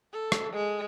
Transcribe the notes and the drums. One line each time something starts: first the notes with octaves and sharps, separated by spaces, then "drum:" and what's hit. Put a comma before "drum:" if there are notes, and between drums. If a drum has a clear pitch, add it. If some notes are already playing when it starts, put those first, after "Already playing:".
A4
drum: rim click
G#3